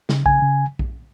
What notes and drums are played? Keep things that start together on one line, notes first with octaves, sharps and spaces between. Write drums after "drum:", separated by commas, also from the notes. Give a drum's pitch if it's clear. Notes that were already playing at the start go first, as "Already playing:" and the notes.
C#3, drum: snare
C#3 G#5, drum: kick A#1
C#3
drum: kick A#1